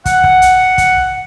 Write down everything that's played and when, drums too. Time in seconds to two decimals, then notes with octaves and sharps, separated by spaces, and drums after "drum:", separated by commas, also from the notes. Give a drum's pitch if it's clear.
0.06 F#5, drum: kick, hi-hat
0.24 drum: kick
0.42 drum: hi-hat
0.78 drum: kick, hi-hat